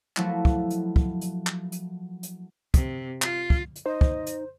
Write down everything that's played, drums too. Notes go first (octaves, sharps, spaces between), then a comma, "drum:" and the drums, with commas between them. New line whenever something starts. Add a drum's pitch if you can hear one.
F3 F#3 A3 A#3 E4, drum: clap
drum: kick
drum: hi-hat
drum: kick
drum: hi-hat
drum: clap
drum: hi-hat
drum: hi-hat
C3, drum: kick, hi-hat
F4, drum: clap
drum: kick
drum: hi-hat
D#4 C5 D#5
drum: kick
drum: hi-hat